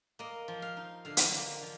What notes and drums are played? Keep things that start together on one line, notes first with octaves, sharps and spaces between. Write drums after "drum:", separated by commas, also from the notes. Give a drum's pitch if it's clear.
A#3 D#5
F3
F5
D#4
D3 F5
drum: hi-hat
A#3
F3